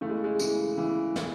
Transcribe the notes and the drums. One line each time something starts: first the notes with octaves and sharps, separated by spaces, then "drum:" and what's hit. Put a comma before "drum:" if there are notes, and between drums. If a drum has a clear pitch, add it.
C#3 E3 A3
G#3
G#3
C#3 E3 G#3, drum: tambourine
C#3 E3
C#3 E3, drum: snare